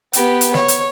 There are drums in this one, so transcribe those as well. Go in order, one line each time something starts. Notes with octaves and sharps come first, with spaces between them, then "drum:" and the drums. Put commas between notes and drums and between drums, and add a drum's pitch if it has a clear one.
B3 G4, drum: hi-hat
drum: hi-hat
C#5, drum: snare
drum: hi-hat